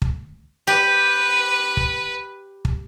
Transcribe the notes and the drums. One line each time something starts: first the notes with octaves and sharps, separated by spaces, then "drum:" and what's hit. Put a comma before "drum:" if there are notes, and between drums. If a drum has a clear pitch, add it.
drum: kick
G4 B4
drum: kick
drum: kick